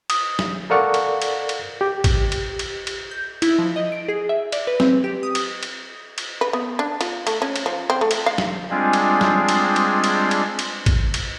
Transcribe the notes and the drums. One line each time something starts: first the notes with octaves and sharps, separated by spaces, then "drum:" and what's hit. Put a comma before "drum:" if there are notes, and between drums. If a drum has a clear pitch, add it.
D#6, drum: cymbal
drum: snare
A4 A#4 D5 F5 F#5 C#6
drum: cymbal
drum: cymbal
drum: cymbal
G4
drum: kick, cymbal
drum: cymbal
drum: cymbal
drum: cymbal
G6
E4, drum: cymbal
F3
D#5
D7
G#4
E5
D5, drum: cymbal
B4
C4, drum: snare
G4
D#6
drum: cymbal
drum: cymbal
drum: cymbal
B4
B3
D4
F4, drum: cymbal
A3, drum: cymbal
C#4
drum: cymbal
F3
C4
A3
drum: cymbal
F5
drum: snare
G3 G#3 C4 D4 F4 G#4
drum: cymbal
drum: snare
drum: cymbal
drum: cymbal
drum: cymbal
drum: cymbal
drum: cymbal
drum: kick, cymbal
drum: cymbal